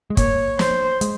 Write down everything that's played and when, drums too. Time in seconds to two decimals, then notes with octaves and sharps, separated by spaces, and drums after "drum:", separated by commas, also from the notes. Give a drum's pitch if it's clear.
0.10 G#3
0.17 A#3 C#5, drum: kick, hi-hat
0.59 C5, drum: snare
1.01 G#3, drum: hi-hat